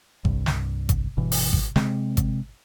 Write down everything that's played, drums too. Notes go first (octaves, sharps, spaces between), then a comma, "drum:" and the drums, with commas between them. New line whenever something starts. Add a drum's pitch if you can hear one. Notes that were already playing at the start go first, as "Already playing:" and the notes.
C2 G2, drum: kick G#1
drum: snare
drum: kick G#1, hi-hat
G1 B2 E3
drum: open hi-hat
drum: kick G#1
C3 G#3 C4, drum: snare
drum: kick G#1, hi-hat